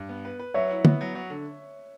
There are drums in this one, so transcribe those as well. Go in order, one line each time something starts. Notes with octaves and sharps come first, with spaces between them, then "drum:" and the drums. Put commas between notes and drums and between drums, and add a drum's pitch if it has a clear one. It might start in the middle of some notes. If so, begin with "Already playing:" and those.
Already playing: G2
B3
B4
B4
F#3 C#5 E5
E4
B3, drum: tom
F#3
F#3
D3